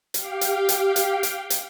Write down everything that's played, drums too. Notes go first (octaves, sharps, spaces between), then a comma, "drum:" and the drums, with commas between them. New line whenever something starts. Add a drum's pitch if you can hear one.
G4 F5 G5, drum: hi-hat
drum: hi-hat
drum: hi-hat
drum: hi-hat
drum: hi-hat
drum: hi-hat